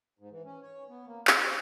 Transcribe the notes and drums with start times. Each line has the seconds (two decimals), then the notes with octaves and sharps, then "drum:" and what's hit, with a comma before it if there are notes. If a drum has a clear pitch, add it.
0.19 G#2
0.31 E3
0.45 C#4
0.62 C#5
0.89 B3
1.06 A#3
1.27 A#5, drum: clap
1.44 C5